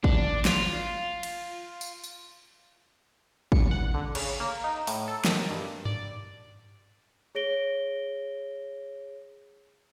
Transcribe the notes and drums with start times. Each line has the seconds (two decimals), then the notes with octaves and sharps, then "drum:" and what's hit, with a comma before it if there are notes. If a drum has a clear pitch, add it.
0.04 D4, drum: kick
0.45 F4, drum: snare
1.23 drum: cymbal
1.81 drum: tambourine
2.04 drum: tambourine
3.52 C#7, drum: kick
3.71 F#5
3.94 D3
4.15 C#3, drum: cymbal
4.40 A#3
4.64 D#4
4.87 A2, drum: open hi-hat
5.08 A4
5.25 D#3, drum: snare
5.51 G2
5.85 D5, drum: tom G2
7.35 G#4 C#5 A#6 D7 G7